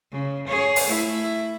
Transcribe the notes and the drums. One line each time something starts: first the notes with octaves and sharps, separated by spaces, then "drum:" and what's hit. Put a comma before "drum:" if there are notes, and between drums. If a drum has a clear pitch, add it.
C#3
G#4 C#5
drum: open hi-hat
A3 E4